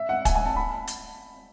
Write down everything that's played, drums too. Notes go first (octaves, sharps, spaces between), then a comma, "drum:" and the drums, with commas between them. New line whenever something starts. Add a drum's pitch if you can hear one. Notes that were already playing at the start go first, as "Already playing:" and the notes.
Already playing: E5
F#5
G#5, drum: kick, hi-hat
G#5
A5
B5
drum: hi-hat